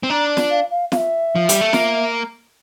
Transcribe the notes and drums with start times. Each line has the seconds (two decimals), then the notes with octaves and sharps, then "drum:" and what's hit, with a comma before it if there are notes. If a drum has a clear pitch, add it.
0.03 C4
0.10 D4 A#5
0.37 drum: snare
0.51 F5
0.71 F5
0.92 F5, drum: snare
0.97 E5
1.36 F3
1.49 G3, drum: hi-hat
1.61 A3
1.73 A#3, drum: snare